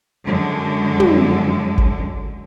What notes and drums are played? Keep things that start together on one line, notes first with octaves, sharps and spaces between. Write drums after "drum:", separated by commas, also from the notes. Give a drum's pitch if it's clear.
F#2 D3 G#3
drum: tom
drum: kick G1